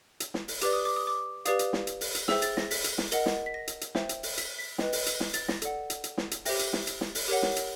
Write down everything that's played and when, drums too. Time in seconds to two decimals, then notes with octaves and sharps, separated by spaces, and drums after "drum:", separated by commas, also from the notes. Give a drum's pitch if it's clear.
0.20 drum: hi-hat
0.34 drum: snare
0.48 drum: open hi-hat
0.61 G4 B4 D5 D6, drum: hi-hat
0.73 D#6
0.85 D6
0.96 D#6
1.07 D6
1.45 G4 B4 D5 F5 D#6, drum: hi-hat
1.59 drum: hi-hat
1.73 drum: snare
1.87 drum: hi-hat
2.01 drum: open hi-hat
2.15 drum: hi-hat
2.28 G#4 C5 E5 G5 E6, drum: snare
2.42 A6, drum: hi-hat
2.57 A#6, drum: snare
2.71 B6, drum: open hi-hat
2.84 drum: hi-hat
2.98 drum: snare
3.12 A#4 D#5 F#5, drum: hi-hat
3.26 drum: snare
3.46 B6
3.54 A#6
3.67 drum: hi-hat
3.81 drum: hi-hat
3.95 C5 E5 G5, drum: snare
4.09 drum: hi-hat
4.23 drum: open hi-hat
4.38 B6, drum: hi-hat
4.59 B6
4.78 B4 D#5 G5, drum: snare
4.93 drum: open hi-hat
5.06 drum: hi-hat
5.20 drum: snare
5.34 A6, drum: hi-hat
5.48 A#6, drum: snare
5.62 A4 D5 F#5, drum: hi-hat
5.90 drum: hi-hat
6.04 drum: hi-hat
6.18 drum: snare
6.31 drum: hi-hat
6.45 G4 C5 E5 G5 A#6, drum: open hi-hat
6.59 drum: hi-hat
6.73 drum: snare
6.87 drum: hi-hat
7.01 drum: snare
7.15 drum: open hi-hat
7.28 G4 A#4 C#5 F#5
7.43 drum: snare
7.56 drum: hi-hat